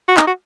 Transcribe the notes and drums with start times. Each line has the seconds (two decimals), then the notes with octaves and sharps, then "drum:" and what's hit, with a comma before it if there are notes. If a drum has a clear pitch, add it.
0.08 F#4
0.17 D#4, drum: clap
0.27 F#4